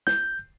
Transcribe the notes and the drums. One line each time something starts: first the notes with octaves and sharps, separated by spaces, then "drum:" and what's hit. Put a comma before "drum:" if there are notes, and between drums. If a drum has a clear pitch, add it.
G6, drum: snare